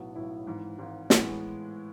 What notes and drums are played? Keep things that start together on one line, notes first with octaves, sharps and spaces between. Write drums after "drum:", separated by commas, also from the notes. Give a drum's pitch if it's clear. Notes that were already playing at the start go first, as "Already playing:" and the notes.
Already playing: B1 A2 F#3 B3 E4
B1 A2 F#3 B3 E4
G#1 G#2 E3
G#1 G#2 E3
A2 E3 G#3 B3, drum: snare